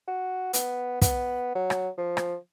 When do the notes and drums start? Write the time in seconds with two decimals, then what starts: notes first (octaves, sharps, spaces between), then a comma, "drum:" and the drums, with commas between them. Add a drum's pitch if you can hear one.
0.08 F#4
0.53 B3, drum: hi-hat
1.02 B3, drum: kick, hi-hat
1.55 F#3
1.70 drum: rim click
1.98 F3
2.17 drum: rim click